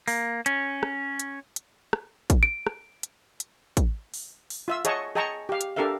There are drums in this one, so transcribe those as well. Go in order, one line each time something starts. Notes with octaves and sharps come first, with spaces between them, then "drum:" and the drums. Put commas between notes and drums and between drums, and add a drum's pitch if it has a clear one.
A#3, drum: open hi-hat
C#4, drum: hi-hat
drum: rim click
drum: hi-hat
drum: hi-hat
drum: rim click
drum: kick, hi-hat
D7
drum: rim click
drum: hi-hat
drum: hi-hat
drum: kick, hi-hat
drum: open hi-hat
drum: open hi-hat
F4 E5 E6
G#4 C#5 D#5 F#5 A5 C#6, drum: hi-hat
G#4 D#5 G5 A5 A#5 C#6
G4 F5
drum: hi-hat
D4 G4 A4 A#4 E5 F5